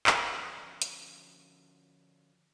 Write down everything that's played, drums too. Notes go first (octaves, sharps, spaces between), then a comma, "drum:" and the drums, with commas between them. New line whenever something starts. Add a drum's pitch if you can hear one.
D3 F3 C#4 F4 F#4 D5, drum: clap
drum: hi-hat